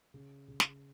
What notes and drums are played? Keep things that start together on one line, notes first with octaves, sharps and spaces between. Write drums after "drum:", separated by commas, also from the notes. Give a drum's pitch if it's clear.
C#3
C#3
drum: snare